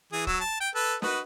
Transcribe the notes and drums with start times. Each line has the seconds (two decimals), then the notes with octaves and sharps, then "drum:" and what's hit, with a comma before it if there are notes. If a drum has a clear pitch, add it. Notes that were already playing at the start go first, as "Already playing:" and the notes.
0.12 E3 G#4
0.27 F#3 E6, drum: kick
0.40 A5
0.61 G5
0.75 A4 B4
1.02 F#4 B4 D#5, drum: snare